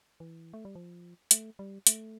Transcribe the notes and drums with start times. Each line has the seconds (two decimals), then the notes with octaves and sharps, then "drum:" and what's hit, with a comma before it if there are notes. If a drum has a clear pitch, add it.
0.20 E3
0.53 A3
0.65 G3
0.75 F3
1.31 A3, drum: hi-hat
1.59 G3
1.87 A3, drum: hi-hat